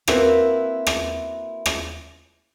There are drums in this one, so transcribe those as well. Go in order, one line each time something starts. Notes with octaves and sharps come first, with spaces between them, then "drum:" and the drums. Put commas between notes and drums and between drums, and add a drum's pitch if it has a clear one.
A#3 C4 E4 F#4 A#4 B4, drum: rim click
drum: rim click
drum: rim click